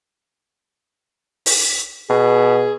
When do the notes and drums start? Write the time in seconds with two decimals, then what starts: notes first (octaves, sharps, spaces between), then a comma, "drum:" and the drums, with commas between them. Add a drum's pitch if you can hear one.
1.46 drum: open hi-hat
2.10 B2 G#4